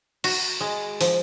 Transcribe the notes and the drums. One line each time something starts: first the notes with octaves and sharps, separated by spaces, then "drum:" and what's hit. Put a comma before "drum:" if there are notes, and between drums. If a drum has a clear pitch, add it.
F#4, drum: cymbal
G#3
F3, drum: open hi-hat